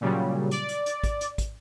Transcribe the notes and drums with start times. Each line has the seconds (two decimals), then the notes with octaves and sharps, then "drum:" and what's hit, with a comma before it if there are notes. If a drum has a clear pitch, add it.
0.01 A#2 C#3 F#3 G3
0.51 D5, drum: hi-hat
0.69 drum: hi-hat
0.86 drum: hi-hat
1.04 drum: kick, hi-hat
1.21 drum: hi-hat
1.38 drum: kick, hi-hat